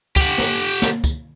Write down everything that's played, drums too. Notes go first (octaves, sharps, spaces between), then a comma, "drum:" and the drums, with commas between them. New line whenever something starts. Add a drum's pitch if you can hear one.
G4 F#5, drum: kick, tambourine
drum: snare
drum: snare
drum: kick, tambourine